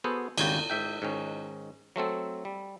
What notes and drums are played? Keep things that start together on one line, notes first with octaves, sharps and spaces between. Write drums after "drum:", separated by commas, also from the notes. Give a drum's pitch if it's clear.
B3 F#4 G#4 A4 C5
G#1 D#2 C#3 G3 F#4 G5, drum: cymbal
G#2 E5 G5
G#2 D#3 C#4
F#3 A3 C4 A4
G3